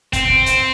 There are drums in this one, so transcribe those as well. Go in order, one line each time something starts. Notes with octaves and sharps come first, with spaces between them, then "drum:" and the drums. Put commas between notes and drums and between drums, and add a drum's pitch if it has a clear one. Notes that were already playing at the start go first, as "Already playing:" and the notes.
C4, drum: kick, hi-hat
drum: kick
drum: hi-hat